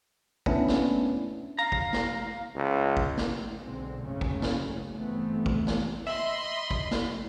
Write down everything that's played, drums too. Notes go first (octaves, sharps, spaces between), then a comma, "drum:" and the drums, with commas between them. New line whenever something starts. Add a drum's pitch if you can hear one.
A3 B3 C#4 D4 E4, drum: kick
drum: snare
F5 A#5
drum: kick
drum: snare
C#2
drum: kick
drum: snare
B1 D3 G#3 C4
F#1 C#2 G#2 C#3 A3 C#4
drum: kick
drum: snare
G1 E3 A3 B3 C4
drum: kick
drum: snare
D#5 E5 B5 C6
drum: kick
drum: snare